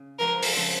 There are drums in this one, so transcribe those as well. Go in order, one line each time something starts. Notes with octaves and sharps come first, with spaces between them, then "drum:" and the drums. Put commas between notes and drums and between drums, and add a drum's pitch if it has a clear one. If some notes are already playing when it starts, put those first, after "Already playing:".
Already playing: C#3
F#2 F3 G#3 C#4 A#4
drum: open hi-hat
C#3 F3 G#3 C4